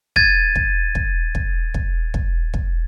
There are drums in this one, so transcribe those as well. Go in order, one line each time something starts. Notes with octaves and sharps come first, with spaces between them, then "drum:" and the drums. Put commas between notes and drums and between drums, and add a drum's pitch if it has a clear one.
G#6 A6 D#7, drum: kick
drum: kick
drum: kick
drum: kick
drum: kick
drum: kick
drum: kick